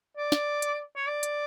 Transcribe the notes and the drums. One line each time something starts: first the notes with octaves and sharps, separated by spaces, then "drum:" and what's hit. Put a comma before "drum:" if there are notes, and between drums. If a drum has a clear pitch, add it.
D5
drum: snare
drum: hi-hat
C#5
D5
drum: hi-hat